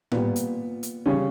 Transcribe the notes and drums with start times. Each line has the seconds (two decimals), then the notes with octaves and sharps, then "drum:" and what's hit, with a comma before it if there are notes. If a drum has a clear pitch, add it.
0.12 A#2 G3 B3, drum: tom A2
0.36 drum: hi-hat
0.83 drum: hi-hat
1.06 C#3 G3 C#4